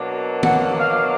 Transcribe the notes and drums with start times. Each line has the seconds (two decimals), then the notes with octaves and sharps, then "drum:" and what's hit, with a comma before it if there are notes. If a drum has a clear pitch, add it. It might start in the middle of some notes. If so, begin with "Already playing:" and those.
Already playing: B2 F#3 A#3 D4
0.43 F#5, drum: tom
0.78 F5